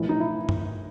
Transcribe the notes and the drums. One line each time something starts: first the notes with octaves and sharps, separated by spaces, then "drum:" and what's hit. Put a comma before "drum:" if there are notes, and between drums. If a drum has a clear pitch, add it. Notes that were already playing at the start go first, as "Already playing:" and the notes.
Already playing: A#1 A2 E3
D#4
E4
drum: tom G2